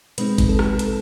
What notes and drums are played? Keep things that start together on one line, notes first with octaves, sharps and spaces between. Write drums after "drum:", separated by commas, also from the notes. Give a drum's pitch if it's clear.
B2 G#3 C4 D#4 B4, drum: hi-hat
drum: kick, hi-hat
A4
drum: rim click
A4, drum: hi-hat